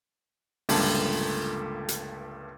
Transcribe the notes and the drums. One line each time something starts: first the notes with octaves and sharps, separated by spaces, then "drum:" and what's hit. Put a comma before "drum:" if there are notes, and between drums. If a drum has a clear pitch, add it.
C#2 G2 A#2 D3 F3 A3, drum: open hi-hat
drum: hi-hat